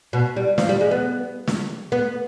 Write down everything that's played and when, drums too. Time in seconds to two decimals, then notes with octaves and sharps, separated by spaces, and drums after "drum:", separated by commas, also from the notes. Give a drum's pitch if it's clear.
0.13 B2
0.37 G3
0.58 F3, drum: snare
0.69 G3
0.81 G#3
0.91 B3
1.47 drum: snare
1.92 B3